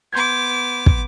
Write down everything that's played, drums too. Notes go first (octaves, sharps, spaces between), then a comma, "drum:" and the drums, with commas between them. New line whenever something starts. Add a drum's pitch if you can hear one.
B3 C6 D6 G6 G#6
drum: kick